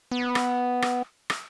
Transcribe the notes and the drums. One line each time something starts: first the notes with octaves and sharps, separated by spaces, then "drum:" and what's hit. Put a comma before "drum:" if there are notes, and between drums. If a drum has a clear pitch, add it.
B3
drum: rim click
drum: rim click
drum: rim click